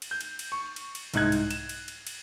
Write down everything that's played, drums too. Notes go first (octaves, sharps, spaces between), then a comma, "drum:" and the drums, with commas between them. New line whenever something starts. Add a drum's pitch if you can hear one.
drum: cymbal
G6
drum: cymbal
drum: cymbal
C#6
drum: cymbal
drum: cymbal
C2 G#2 D#4 F#6 G#6, drum: cymbal
drum: cymbal
E7, drum: cymbal
drum: cymbal
drum: cymbal
drum: cymbal